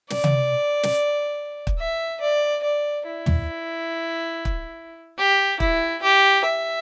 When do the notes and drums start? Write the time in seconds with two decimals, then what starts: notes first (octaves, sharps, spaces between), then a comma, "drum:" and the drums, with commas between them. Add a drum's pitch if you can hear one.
0.10 D5, drum: snare
0.24 drum: tom C3
0.83 drum: snare
1.67 drum: kick
1.79 E5
2.21 D5
2.63 D5
3.06 E4
3.26 drum: tom
4.45 drum: kick
5.18 G4
5.60 E4, drum: kick
6.03 G4
6.45 E5